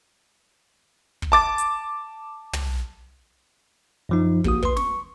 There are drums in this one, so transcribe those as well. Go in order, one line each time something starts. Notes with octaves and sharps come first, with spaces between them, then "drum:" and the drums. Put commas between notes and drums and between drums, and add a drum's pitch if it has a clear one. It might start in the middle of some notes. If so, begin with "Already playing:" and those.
drum: kick
A5 D6 A6
drum: hi-hat
drum: tom
F#2 F3 D#4
A1 A#3 F#4 D#6, drum: kick
B4 C6, drum: kick
C#6, drum: snare